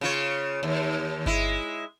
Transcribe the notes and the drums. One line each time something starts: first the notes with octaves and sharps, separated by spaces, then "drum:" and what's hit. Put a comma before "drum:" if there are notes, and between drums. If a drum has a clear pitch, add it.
C#3 F4 C#5
D#2
G#3 E4, drum: kick G1